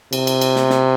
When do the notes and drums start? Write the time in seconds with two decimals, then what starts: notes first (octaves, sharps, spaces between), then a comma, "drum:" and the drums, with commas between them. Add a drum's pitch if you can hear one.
0.13 C3, drum: cymbal
0.27 drum: cymbal
0.41 drum: cymbal
0.56 drum: snare
0.70 drum: snare